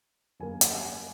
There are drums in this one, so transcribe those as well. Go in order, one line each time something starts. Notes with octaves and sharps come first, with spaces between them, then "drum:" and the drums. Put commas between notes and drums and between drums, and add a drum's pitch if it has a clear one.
F#2 C#3 F#3 A#3 G#5
drum: hi-hat
F#5
G#5